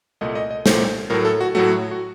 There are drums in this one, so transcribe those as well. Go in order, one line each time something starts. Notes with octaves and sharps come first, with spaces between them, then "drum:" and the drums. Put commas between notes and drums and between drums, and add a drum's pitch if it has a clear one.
C2 A#2 A3 D#5
D#5
D#5
C2 A#2 A3 C5, drum: snare
A2 F#3 A3 A#4
A4
F#4
A2 F#3 A3 F#4
F#4